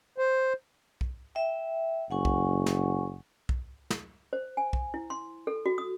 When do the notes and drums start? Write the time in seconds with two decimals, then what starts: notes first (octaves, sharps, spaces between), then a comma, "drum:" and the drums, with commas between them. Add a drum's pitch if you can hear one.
0.18 C5
1.01 drum: kick B1
1.35 E5 G5
2.11 F#1 F#5 G#5 C#6
2.25 drum: kick B1
2.66 drum: snare
3.49 drum: kick B1
3.90 drum: snare
4.33 C5
4.57 G#5
4.73 drum: kick B1
4.94 E4
5.10 C6
5.47 A4
5.66 F#4
5.78 D#6